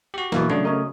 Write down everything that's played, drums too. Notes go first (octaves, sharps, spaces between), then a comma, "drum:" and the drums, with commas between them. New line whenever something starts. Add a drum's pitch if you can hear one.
F#4 G4
B2 E3 A#3, drum: snare
C#3 A3 D4 F#4, drum: tom F#3
C#4 A#4 D#5